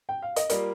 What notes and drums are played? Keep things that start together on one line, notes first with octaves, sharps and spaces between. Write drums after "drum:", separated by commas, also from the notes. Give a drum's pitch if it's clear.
G5
F5
D#5, drum: hi-hat
G3 A#3 F4 A#4 D5, drum: hi-hat